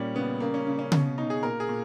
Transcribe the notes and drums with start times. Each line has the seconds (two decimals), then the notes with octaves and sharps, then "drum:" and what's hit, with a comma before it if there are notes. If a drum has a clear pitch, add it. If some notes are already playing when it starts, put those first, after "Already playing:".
Already playing: A#2 G3 C#4
0.15 C#3 B3
0.40 C#3 A#3
0.54 C#4
0.67 C#3
0.79 C#4
0.92 B2 C#4, drum: tom C#3
1.18 B2 D#4
1.30 G#4
1.43 A#2 A#4
1.60 G#4
1.69 A#2